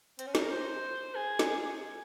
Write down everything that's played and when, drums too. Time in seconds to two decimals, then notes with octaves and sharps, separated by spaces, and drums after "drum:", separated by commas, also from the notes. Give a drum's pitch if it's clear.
0.19 C4, drum: hi-hat
0.27 C#4
0.35 D#4, drum: snare
0.43 A#4
0.51 C5
1.15 G#4
1.39 drum: snare